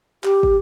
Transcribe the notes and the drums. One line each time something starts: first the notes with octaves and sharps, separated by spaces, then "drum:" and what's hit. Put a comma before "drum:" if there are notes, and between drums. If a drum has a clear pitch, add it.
G4, drum: clap
drum: kick